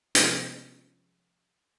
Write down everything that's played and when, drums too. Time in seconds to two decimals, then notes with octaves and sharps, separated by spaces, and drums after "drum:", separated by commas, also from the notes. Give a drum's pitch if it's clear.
0.15 C3 F3 G3 G#3 B3 C#4, drum: hi-hat